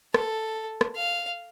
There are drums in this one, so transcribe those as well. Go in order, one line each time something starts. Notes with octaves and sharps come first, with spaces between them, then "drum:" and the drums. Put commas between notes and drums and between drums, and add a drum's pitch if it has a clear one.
A4, drum: rim click
drum: rim click
F5